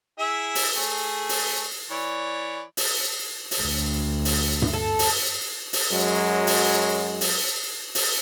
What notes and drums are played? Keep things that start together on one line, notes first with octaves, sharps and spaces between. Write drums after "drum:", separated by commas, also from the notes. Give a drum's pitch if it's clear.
E4 G#4 E5
drum: open hi-hat
A3 G#4
drum: open hi-hat
E3 C#5 D5
drum: open hi-hat
drum: open hi-hat
D2
drum: open hi-hat
drum: tom G2
A4
drum: open hi-hat
drum: open hi-hat
F#2 F#3 G#3
drum: open hi-hat
drum: open hi-hat
drum: open hi-hat